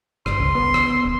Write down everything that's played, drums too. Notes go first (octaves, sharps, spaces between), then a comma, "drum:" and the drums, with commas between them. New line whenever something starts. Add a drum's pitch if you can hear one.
G1 C6, drum: rim click
C#2
B3
drum: rim click
D1